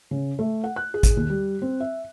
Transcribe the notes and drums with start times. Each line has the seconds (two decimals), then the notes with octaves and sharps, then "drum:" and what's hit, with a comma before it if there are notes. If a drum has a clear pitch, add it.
0.11 C#3
0.39 A3
0.64 F#5
0.76 F#6
0.94 G#4
1.03 drum: kick, hi-hat
1.17 D#2
1.30 G3
1.62 C4
1.80 E5